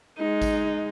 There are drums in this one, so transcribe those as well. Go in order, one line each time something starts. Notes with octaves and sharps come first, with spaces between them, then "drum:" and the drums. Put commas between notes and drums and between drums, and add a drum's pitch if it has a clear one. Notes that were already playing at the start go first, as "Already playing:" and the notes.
G#3 D#4
drum: kick A1, tambourine